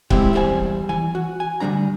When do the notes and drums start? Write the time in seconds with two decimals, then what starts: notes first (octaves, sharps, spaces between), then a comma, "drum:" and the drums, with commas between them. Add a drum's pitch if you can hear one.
0.10 G3 G#3 C4 E4 G4, drum: kick C#1
0.33 E2 G3 F#4 C5 G#5
0.89 E3 G#5
1.15 F#4
1.40 G#5
1.60 D2 A#2 G3 D4 A#5